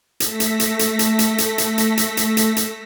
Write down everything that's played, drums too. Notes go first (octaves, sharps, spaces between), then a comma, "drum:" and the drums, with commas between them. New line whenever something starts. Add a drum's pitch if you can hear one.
A3 A4 A#6 B6, drum: hi-hat
drum: hi-hat
drum: hi-hat
drum: hi-hat
drum: hi-hat
drum: hi-hat
drum: hi-hat
drum: hi-hat
drum: hi-hat
drum: hi-hat
drum: hi-hat
drum: hi-hat
drum: hi-hat